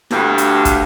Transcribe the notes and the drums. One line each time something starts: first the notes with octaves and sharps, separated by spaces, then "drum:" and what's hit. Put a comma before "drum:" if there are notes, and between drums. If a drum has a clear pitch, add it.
D2 G2, drum: snare E4
drum: hi-hat
drum: kick, hi-hat